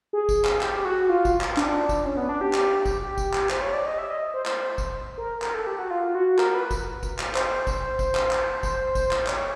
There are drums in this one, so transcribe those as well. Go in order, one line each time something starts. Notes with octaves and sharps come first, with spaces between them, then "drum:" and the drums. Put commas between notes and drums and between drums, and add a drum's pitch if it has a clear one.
G#4
drum: kick G#1, tambourine
drum: clap
G#4
G4, drum: clap
F#4
F4
drum: kick G#1, tambourine
drum: clap
D4, drum: clap
drum: kick G#1, tambourine
C#4
B3
D4
G4
drum: clap
drum: kick G#1, tambourine
G4
drum: kick G#1, tambourine
drum: clap
C5, drum: clap
C#5
D5
D#5
E5
D#5
C5
C5, drum: clap
drum: kick G#1, tambourine
A#4
A#4, drum: clap
A4
G4
F#4
F4
F#4
A#4, drum: clap
B4
drum: kick G#1, tambourine
drum: kick G#1, tambourine
drum: clap
C5, drum: clap
drum: kick G#1, tambourine
drum: kick G#1, tambourine
drum: clap
drum: clap
drum: kick G#1, tambourine
drum: kick G#1, tambourine
drum: clap
C#5, drum: clap